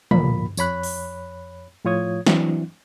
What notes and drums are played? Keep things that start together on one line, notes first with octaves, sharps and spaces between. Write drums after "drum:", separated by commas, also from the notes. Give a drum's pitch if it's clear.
D2 A#2 F3 A#3 B5, drum: tom
F2 C#5 B5 F#6, drum: tambourine
drum: open hi-hat
A2 F3 F4 C#5 D#6 G#6
E3 F#3 C4 D4 E4, drum: snare